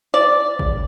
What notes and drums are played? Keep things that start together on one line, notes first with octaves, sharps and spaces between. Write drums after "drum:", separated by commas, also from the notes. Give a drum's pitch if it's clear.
D5
drum: kick G#1